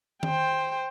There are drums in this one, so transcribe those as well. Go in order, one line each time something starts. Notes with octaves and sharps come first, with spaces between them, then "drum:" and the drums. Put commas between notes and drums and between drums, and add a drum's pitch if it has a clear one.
C5 G5, drum: tom D#3